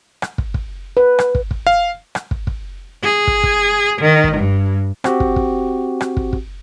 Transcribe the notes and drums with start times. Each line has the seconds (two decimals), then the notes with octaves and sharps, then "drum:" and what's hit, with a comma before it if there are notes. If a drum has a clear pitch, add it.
0.22 drum: rim click
0.38 drum: kick
0.54 drum: kick
0.97 B4
1.19 drum: rim click
1.35 drum: kick
1.51 drum: kick
1.67 F5
2.15 drum: rim click
2.31 drum: kick
2.47 drum: kick
3.03 G#4
3.27 drum: kick
3.43 drum: kick
4.01 D#3
4.24 drum: kick
4.37 G2
5.04 C4 F#4 G4, drum: rim click
5.20 drum: kick
5.36 drum: kick
6.01 drum: rim click
6.17 drum: kick
6.33 drum: kick